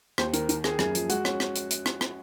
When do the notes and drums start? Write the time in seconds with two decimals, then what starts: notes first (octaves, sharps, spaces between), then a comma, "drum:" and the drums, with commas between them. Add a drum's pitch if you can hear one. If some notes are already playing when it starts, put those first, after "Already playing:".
0.18 D#2 C5, drum: rim click
0.33 D#3 A#4, drum: hi-hat
0.49 D#3 A#4, drum: hi-hat
0.64 A#3 G#4, drum: rim click
0.79 F#2 G#4, drum: rim click
0.95 F3, drum: hi-hat
1.09 G#3 F#4, drum: hi-hat
1.25 C#4, drum: rim click
1.40 drum: rim click
1.55 drum: hi-hat
1.71 drum: hi-hat
1.86 drum: rim click
2.01 drum: rim click